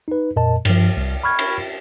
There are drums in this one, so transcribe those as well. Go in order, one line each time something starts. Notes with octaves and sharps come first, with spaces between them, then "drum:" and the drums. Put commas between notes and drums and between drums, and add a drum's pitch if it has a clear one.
D#4 B4
F2 A#2 A#4 D#5 A5
G2 F3, drum: cymbal
C2
B5 C#6 F6 G#6
drum: cymbal